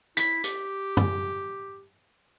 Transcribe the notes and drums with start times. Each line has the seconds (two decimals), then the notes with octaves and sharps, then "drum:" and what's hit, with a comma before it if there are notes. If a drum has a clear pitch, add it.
0.17 E4 B6, drum: hi-hat
0.44 G4, drum: hi-hat
0.97 drum: tom F#2